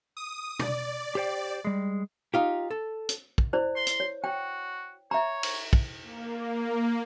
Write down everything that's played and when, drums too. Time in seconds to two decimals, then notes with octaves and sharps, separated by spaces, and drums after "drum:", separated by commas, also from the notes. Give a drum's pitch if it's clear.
0.17 D#6
0.59 D5, drum: tom
1.15 G4 C5 G5
1.65 G3 G#3
2.34 D#4 F4 G4
2.71 A4
3.09 drum: hi-hat
3.38 drum: kick
3.53 E4 C5 D5
3.76 C6
3.87 drum: hi-hat
4.00 C#5
4.24 F#4 G5
5.11 C#5 E5 A#5
5.43 drum: cymbal
5.73 drum: kick
6.03 A#3